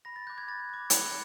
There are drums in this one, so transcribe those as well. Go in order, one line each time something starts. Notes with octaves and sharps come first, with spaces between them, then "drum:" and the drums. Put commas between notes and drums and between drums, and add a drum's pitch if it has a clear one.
B5 A#6
A6
D6 F#6 G6
G#6
B5 A6
D6 F#6
B5 C#7, drum: hi-hat